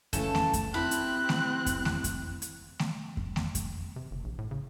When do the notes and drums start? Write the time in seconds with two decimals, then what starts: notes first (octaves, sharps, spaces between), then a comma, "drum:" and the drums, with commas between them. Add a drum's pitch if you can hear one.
0.13 C#3 E3 A3 A4, drum: kick F2, hi-hat
0.35 drum: snare A3
0.53 drum: kick F2, hi-hat
0.74 C4 E4 G4 B5 F#6
0.91 drum: hi-hat
1.29 drum: snare A3
1.66 drum: kick F2, hi-hat
1.85 drum: snare A3
2.04 drum: kick F2, hi-hat
2.42 drum: hi-hat
2.79 drum: snare A3
3.17 drum: kick F2
3.36 drum: snare A3
3.55 drum: kick F2, hi-hat
3.96 C3
4.11 F#1
4.24 A#1
4.38 A2
4.51 C#3